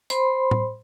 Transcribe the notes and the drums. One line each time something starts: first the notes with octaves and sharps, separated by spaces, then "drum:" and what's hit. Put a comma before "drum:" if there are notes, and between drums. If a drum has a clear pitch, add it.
C5 B5 C6, drum: hi-hat
drum: tom A2